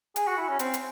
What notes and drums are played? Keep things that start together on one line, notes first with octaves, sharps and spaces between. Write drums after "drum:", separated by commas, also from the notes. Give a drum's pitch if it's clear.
G#4, drum: hi-hat
F#4
E4
C#4
C4, drum: hi-hat
drum: hi-hat